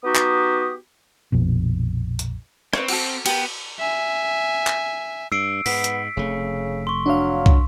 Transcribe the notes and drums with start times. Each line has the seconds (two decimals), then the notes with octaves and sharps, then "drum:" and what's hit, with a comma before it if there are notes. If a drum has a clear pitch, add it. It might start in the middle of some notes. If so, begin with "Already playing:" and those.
0.04 B3 D#4 F#4 G4 D#6
0.15 drum: clap
1.32 A#1 F2 B2
2.19 drum: hi-hat
2.73 C4 B4 C#5, drum: rim click
2.88 F#4 G4 A4, drum: cymbal
3.26 B3 G4 A#4, drum: cymbal
3.79 E5 G#5
4.67 drum: clap
5.32 G2 E6 C7 D7
5.66 G#2 B3 B6, drum: open hi-hat
5.84 drum: hi-hat
6.17 F1 C#3 A3
6.87 C6 C#6
7.06 F#3 D4 F5
7.46 drum: kick